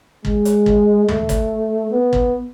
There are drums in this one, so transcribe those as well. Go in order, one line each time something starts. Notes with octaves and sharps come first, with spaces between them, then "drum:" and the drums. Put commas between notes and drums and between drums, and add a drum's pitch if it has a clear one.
G#3, drum: kick
drum: hi-hat
drum: kick
A3, drum: tom
drum: kick, hi-hat
B3
drum: kick